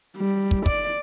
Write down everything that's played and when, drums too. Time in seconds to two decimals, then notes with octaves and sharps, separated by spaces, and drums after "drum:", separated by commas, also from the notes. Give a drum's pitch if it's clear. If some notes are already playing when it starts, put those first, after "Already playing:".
0.17 G3
0.51 drum: kick
0.66 D5, drum: kick